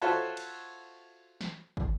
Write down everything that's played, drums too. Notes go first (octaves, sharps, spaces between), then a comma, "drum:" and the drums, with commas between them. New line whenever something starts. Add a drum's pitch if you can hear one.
F4 F#4 A4 C5 C#5 E5
drum: cymbal
drum: snare
drum: kick